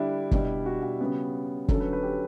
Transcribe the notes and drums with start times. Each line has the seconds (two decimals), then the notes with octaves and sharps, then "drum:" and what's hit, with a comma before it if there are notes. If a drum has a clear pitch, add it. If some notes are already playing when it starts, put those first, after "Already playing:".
Already playing: D3 G3 D4 E4
0.31 B2 G3 D4, drum: kick
0.66 F#4
0.83 F#4
1.00 C#3 G3 B3
1.68 D3 F#3 C#4 A4, drum: kick
1.80 B4
1.93 B4
2.03 G4